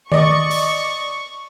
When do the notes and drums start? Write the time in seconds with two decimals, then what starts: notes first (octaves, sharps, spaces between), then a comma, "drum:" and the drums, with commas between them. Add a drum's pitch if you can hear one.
0.12 D5 D#5 C#6 D6, drum: tom D#3
0.51 drum: open hi-hat